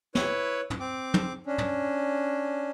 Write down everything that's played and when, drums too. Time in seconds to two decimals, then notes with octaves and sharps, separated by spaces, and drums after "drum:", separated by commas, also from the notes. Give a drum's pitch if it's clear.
0.15 E4 B4 C#5, drum: snare
0.70 drum: tom
0.80 C4 D6
1.14 drum: tom
1.46 C#4 D4
1.58 drum: tom